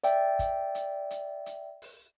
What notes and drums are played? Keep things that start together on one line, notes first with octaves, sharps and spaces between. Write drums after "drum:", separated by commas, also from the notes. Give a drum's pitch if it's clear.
D5 E5 G5, drum: hi-hat
drum: kick, hi-hat
drum: hi-hat
drum: hi-hat
drum: hi-hat
drum: open hi-hat